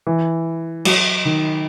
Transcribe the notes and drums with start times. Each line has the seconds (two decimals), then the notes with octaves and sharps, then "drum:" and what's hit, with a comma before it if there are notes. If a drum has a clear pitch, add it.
0.07 E3
0.85 F#3, drum: cymbal
1.25 D#3